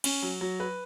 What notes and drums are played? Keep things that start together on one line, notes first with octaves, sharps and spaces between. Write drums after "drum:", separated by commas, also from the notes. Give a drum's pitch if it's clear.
C#4, drum: cymbal
F#3
F#3
B4